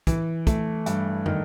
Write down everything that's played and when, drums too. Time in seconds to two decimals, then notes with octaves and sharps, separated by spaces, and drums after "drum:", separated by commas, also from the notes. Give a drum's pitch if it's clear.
0.07 E3, drum: kick, hi-hat
0.47 A3, drum: kick, hi-hat
0.86 G2, drum: hi-hat
1.26 D#3, drum: tom